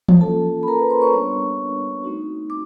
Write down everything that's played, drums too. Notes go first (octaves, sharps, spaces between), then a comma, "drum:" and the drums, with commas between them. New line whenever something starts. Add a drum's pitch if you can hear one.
drum: tom E3
A#3 C#4 F4 A4 A5
B5
A#4 A#5
B4 B5
C5 C6
C#5 C#6
G3 B3 D4 C#5 C#6
A3 C4 D#4 F#4
D6